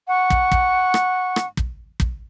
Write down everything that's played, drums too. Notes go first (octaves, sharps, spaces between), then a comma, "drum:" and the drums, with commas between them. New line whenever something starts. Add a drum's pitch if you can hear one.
F#5 C#6
drum: kick
drum: kick
drum: rim click
drum: rim click
drum: kick
drum: kick